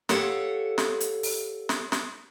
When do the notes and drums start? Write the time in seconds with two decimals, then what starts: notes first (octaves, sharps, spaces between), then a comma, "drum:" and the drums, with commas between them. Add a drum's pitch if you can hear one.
0.09 G4 A4 C#5 F5 F#5, drum: snare
0.78 drum: snare
1.00 drum: hi-hat
1.23 drum: open hi-hat
1.69 drum: snare
1.92 drum: snare